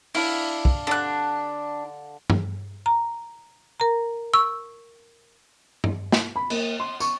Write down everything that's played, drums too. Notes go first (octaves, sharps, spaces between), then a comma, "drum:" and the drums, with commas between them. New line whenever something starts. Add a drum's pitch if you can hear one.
D4 E4 F5, drum: open hi-hat
drum: kick
D3 D4 F#6
drum: tom G2
A#5
A#4 A#5
C#6 E6
drum: tom G2
drum: snare
B5
A#3, drum: cymbal
C6
C#6, drum: tambourine